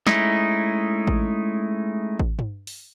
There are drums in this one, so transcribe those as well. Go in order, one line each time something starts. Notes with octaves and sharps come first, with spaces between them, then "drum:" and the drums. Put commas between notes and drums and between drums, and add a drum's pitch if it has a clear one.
G#3 A3 C#4 D#4 E4, drum: snare
drum: kick A1
drum: kick A1
drum: tom G2
drum: open hi-hat